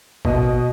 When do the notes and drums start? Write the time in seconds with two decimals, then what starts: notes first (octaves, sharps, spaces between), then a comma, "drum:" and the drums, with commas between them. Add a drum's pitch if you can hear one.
0.25 B2 D#5, drum: kick G#1